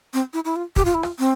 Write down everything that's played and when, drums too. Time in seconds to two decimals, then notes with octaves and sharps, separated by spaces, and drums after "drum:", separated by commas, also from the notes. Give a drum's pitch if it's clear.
0.13 C4
0.33 E4
0.45 E4
0.56 F4
0.76 G4, drum: kick
0.85 F4
0.94 E4
1.03 F4, drum: rim click
1.19 C4